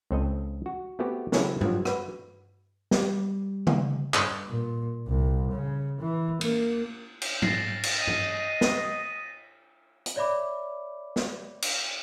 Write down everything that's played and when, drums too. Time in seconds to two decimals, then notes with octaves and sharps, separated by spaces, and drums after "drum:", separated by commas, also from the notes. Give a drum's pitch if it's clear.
0.11 C#2 C4 A4 D#5
0.66 F#4
0.99 A3 B3 C4 F#4 G4
1.32 C#3 F#3 C4 C#4 E4 A4, drum: snare
1.61 G2 F3 F#3, drum: tom G2
1.85 F#4 B4, drum: rim click
2.91 G3, drum: snare
3.67 drum: tom C#3
4.14 G2, drum: clap
4.47 A#2
5.08 C2
5.51 C#3
6.00 E3
6.41 A#3, drum: cymbal
7.22 drum: cymbal
7.42 A6 A#6 C7, drum: tom G#2
7.83 drum: cymbal
7.97 D#5 B6 D#7
8.07 drum: tom G2
8.61 drum: snare
10.06 drum: hi-hat
10.16 C#5 D5 E5 B5 D6
11.16 drum: snare
11.62 drum: cymbal